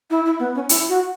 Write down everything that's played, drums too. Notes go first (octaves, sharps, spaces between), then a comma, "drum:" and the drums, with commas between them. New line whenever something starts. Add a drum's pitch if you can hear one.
E4
E4
B3
C#4
E4, drum: hi-hat
F#4